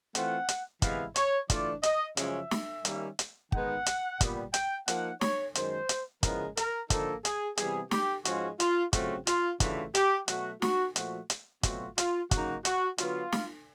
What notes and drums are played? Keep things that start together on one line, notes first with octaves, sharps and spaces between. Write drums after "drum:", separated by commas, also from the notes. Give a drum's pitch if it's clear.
E3 A3 C4 F4 F#5, drum: hi-hat
drum: hi-hat
C3 E3 G#3 B3 E4 F5, drum: kick, hi-hat
C#5, drum: hi-hat
E3 A3 D4 F4 D5, drum: kick, hi-hat
D#5, drum: hi-hat
F#2 C#3 F3 G#3 C#4 E5, drum: hi-hat
drum: snare
D#3 G3 A#3 C#4, drum: hi-hat
drum: hi-hat
D#3 G#3 B3 D#4 F#5, drum: kick
drum: hi-hat
A#2 G3 B3, drum: kick, hi-hat
G5, drum: hi-hat
F3 A#3 D#4 F#5, drum: hi-hat
C#5, drum: snare
F#2 D#3 G#3 C5, drum: hi-hat
drum: hi-hat
C#3 F3 G#3 B3 E4 A#4, drum: kick, hi-hat
A#4, drum: hi-hat
D3 F3 A#3 D#4 A4, drum: kick, hi-hat
G#4, drum: hi-hat
C3 E3 G3 B3 G#4, drum: hi-hat
G4, drum: snare
G#2 F3 G#3 C#4 F4 F#4, drum: hi-hat
F4, drum: hi-hat
C#3 F#3 A3 C4 F4 F#4, drum: kick, hi-hat
F4, drum: hi-hat
C#3 E3 A3 D4 F4 F#4, drum: kick, hi-hat
G4, drum: hi-hat
B2 F#3 A3 F#4, drum: hi-hat
F#4, drum: snare
A#2 F3 A3 F#4, drum: hi-hat
drum: hi-hat
B2 F#3 A3 C4 F4 F#4, drum: kick, hi-hat
F4, drum: hi-hat
C#3 F#3 A#3 D#4 F#4, drum: kick, hi-hat
F#4, drum: hi-hat
D3 F#3 B3 F4, drum: hi-hat
drum: snare